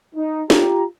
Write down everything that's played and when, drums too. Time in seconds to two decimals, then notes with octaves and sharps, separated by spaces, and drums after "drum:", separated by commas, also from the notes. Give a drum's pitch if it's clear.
0.15 D#4
0.50 F4 G4 A#5, drum: snare